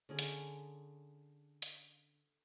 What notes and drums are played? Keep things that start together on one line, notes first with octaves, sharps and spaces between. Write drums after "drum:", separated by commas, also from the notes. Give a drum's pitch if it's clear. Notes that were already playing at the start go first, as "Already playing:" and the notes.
D3 C#4 G#4
drum: hi-hat
drum: hi-hat